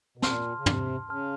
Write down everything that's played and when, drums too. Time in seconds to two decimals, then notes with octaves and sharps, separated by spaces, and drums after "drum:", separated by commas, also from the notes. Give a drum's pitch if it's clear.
0.17 B2
0.22 A#2 A5 C6 F6, drum: snare
0.58 C#3
0.66 C3, drum: tom
1.09 C#3 A5 C6 F6